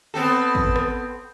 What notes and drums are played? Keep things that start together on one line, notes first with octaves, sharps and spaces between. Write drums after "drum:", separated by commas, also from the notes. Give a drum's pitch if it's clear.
B3 C4 A4
drum: kick
drum: rim click